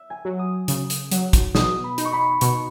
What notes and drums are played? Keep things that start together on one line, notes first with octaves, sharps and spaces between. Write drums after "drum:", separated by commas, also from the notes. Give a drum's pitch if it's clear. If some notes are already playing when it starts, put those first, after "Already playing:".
Already playing: E5
G#5
F#3
D#6
C#3, drum: hi-hat
drum: hi-hat
F#3, drum: hi-hat
drum: kick, hi-hat
B2 D#6, drum: snare
B5
D#4, drum: hi-hat
C#6
B5
B2 C#6, drum: hi-hat